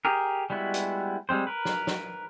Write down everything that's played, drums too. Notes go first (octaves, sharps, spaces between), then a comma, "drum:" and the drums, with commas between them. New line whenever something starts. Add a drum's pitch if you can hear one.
G4 G#4 A#4
G3 G#3 B3 E4 F#4
drum: hi-hat
G3 G#3 C4 C5
A#4 B4
drum: snare
drum: snare